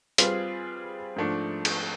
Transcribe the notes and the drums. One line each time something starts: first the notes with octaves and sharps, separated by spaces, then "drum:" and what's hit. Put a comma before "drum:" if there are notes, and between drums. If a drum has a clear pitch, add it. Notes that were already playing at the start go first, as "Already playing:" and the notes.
G3 C4 F4 G#4 B4, drum: hi-hat
G#2 F3 A3 D4
drum: cymbal